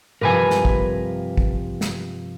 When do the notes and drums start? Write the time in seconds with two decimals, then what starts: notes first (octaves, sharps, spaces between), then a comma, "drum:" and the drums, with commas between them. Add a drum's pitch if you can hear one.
0.21 G2 C3 F3 A#4 B4 G#5
0.50 drum: snare
0.65 drum: kick
1.38 drum: kick
1.81 drum: snare